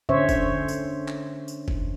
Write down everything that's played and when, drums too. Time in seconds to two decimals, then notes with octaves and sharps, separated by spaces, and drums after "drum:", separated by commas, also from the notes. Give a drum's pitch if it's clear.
0.09 D3 C#4 C5 C#5 E5
0.29 drum: kick F#1, tambourine
0.68 drum: tambourine
1.08 drum: clap
1.48 drum: tambourine
1.68 drum: kick F#1